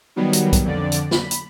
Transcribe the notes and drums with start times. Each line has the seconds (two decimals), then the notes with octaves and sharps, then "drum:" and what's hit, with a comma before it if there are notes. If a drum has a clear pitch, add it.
0.16 D#3 F#3 G3 B3
0.33 drum: hi-hat
0.53 drum: kick B1, hi-hat
0.65 F2 D3 D5
0.92 drum: hi-hat
1.11 B5, drum: snare
1.31 drum: hi-hat